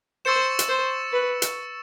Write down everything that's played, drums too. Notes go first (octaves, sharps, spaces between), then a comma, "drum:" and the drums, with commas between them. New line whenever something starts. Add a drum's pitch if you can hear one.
C5 C#6 E6 A6 C#7 E7
drum: hi-hat
C5
B4
drum: hi-hat